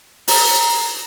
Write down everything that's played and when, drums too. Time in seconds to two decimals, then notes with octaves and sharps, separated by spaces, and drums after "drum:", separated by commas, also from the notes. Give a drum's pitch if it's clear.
0.28 A#5, drum: open hi-hat